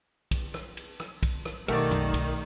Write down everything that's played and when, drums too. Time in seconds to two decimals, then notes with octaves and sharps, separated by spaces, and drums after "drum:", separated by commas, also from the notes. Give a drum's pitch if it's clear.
0.31 drum: kick, cymbal
0.54 drum: rim click
0.77 drum: cymbal
1.00 drum: rim click
1.23 drum: kick, cymbal
1.45 drum: rim click
1.68 B1 D#3 A3 G4 A#4 D5 F#5 G5, drum: cymbal
1.91 drum: tom F2
2.14 drum: kick, cymbal